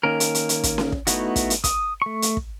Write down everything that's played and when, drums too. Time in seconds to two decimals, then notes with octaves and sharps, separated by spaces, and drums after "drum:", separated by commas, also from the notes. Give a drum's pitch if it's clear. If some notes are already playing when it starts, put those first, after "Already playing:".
0.03 D#3 A#3 C#4 A#4
0.20 drum: hi-hat
0.35 drum: hi-hat
0.49 drum: hi-hat
0.63 drum: kick, hi-hat
0.78 drum: snare C#4
0.92 drum: kick
1.07 A3 B3 D#4 E4 F#4, drum: hi-hat
1.36 drum: kick, hi-hat
1.50 drum: hi-hat
1.64 D#6, drum: kick, hi-hat
2.02 A3 C#6
2.22 drum: hi-hat
2.37 drum: kick